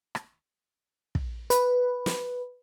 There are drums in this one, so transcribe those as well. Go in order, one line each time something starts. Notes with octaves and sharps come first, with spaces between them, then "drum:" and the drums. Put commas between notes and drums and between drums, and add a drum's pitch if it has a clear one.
drum: rim click
drum: kick
B4, drum: hi-hat
drum: snare